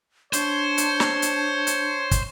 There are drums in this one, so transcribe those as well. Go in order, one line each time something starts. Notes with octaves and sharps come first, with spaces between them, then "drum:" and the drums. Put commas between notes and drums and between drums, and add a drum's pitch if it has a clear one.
D4 C5 C#5, drum: hi-hat
drum: hi-hat
drum: snare
drum: hi-hat
drum: hi-hat
drum: kick, hi-hat